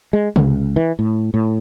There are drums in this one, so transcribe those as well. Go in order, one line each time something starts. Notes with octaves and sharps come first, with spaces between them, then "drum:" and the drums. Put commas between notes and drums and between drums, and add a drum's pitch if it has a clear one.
G#3
C#2, drum: tom C3
E3
A2
A2